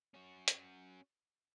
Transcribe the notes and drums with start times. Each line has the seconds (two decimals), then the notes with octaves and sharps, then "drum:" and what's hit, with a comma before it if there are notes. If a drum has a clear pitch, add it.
0.14 C#4 F#4
0.48 drum: hi-hat